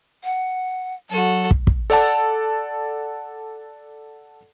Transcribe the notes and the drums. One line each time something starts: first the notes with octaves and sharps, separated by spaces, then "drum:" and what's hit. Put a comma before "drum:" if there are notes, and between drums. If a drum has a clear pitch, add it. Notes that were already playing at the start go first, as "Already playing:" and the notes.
F#5
F#3 F#4 A4
drum: kick
drum: kick
A4 D5 F#5 A5, drum: open hi-hat